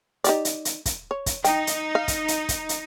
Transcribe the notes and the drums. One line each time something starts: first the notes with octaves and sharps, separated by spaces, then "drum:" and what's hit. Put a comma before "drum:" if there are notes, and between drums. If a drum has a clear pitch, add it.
D#4 G4 D5, drum: hi-hat
drum: hi-hat
drum: hi-hat
drum: kick, hi-hat
C#5
drum: kick, hi-hat
D#4 G5, drum: hi-hat
drum: hi-hat
F5
drum: kick, hi-hat
drum: hi-hat
drum: kick, hi-hat
drum: hi-hat